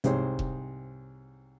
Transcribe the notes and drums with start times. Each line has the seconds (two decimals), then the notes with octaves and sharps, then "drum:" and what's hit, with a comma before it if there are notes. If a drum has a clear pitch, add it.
0.04 C2 G#2 C4 G#4 C5 C#5, drum: hi-hat
0.39 drum: kick F1